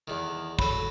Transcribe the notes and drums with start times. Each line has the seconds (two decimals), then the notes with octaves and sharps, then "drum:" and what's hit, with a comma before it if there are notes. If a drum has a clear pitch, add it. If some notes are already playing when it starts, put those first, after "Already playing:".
0.08 E2 D#3
0.59 F#3 A4 B5, drum: kick